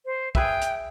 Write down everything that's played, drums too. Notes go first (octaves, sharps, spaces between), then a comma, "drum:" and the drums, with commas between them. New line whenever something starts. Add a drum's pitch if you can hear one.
C5
G#4 B4 E5 G5, drum: kick
drum: hi-hat